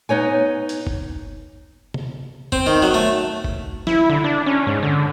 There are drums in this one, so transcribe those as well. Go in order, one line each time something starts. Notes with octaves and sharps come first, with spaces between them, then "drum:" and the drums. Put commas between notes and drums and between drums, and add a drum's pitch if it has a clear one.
B3 D#4 C#5 G#5
drum: hi-hat
drum: kick
drum: tom C3
C4, drum: kick
D#3
F#3
A3
drum: kick
E4, drum: snare
D3
D4
C#4
G#2
D3